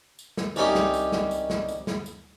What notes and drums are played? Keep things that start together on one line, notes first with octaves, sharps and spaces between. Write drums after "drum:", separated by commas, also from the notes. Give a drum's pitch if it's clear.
drum: tambourine
drum: snare
C2 C#4 D#4 G4, drum: tambourine
drum: snare
drum: tambourine
drum: snare
drum: tambourine
drum: snare
drum: tambourine
drum: snare
drum: tambourine